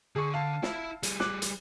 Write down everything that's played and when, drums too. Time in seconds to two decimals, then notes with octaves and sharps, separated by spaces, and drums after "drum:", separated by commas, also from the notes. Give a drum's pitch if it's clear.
0.16 D3 G#4 C#6
0.34 F5 A5
0.63 E4 E5, drum: snare
1.03 G3 G#4, drum: hi-hat
1.20 D6 F#6, drum: snare
1.42 drum: hi-hat